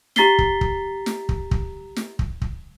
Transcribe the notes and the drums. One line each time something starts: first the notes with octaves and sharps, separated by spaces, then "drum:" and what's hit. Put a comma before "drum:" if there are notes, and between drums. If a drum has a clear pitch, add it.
G4 A#5 A6 B6 C7 G7, drum: snare
drum: kick
drum: kick
drum: snare
drum: kick
drum: kick
drum: snare
drum: kick
drum: kick